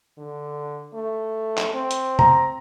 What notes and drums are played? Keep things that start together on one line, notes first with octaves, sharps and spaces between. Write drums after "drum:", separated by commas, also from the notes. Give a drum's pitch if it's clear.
D3
A3
drum: clap
C4
drum: hi-hat
A#5, drum: tom